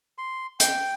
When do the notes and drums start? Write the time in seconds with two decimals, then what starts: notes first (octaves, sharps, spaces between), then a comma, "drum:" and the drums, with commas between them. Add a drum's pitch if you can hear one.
0.18 C6
0.60 G5, drum: hi-hat